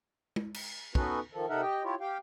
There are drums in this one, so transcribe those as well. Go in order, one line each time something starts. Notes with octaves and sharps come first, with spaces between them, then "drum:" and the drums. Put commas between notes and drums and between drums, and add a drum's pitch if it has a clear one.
drum: tom
drum: cymbal
B3 C#4 D#4 F#4 A4 B4, drum: kick
D#3 F3 A4
C3 D#4 A4 A#4 E5 F#5
G4 D#5 G5
E4 F4 G4 C#5
G4 F5 G5